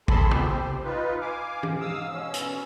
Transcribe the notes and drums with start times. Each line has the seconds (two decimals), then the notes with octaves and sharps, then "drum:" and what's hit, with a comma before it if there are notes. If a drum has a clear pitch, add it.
0.08 G#4 A4 A5 B5 C6, drum: kick
0.31 G4 C5, drum: tom
0.84 D#4 F4 B4
1.21 F5 G#5 D6
1.63 drum: tom
1.80 G#2 F5 D#6 E6
2.10 B2 C#4 E6
2.34 drum: hi-hat